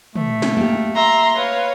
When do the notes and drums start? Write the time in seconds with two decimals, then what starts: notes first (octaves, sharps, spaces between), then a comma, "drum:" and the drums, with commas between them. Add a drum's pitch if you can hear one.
0.16 A3, drum: tom
0.42 drum: snare
0.57 A#3 G4
0.95 E5 A#5 C6
1.36 B4 C#5 F5